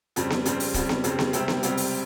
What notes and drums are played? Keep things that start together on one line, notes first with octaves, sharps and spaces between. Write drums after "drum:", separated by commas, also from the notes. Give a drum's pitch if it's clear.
F2 C#3 G3 C4, drum: hi-hat
drum: snare B3
F2 C#3 G3 C4, drum: hi-hat
drum: open hi-hat
F2 C#3 G3 C4, drum: kick, hi-hat
drum: snare B3
F2 C#3 G3 C4, drum: hi-hat
drum: snare B3
C#2 C3 G3 C4, drum: hi-hat
drum: snare B3
C#2 C3 G3 C4, drum: hi-hat
drum: open hi-hat